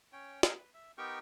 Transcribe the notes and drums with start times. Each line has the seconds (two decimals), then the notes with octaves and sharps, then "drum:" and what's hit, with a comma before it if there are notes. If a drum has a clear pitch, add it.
0.13 C#4 C#5 G5
0.43 G#4 A#4 D#5 E5 G5 G#5, drum: snare
0.58 B4
0.74 E5
0.98 B3 D#4 G4 A#4 G5 C#6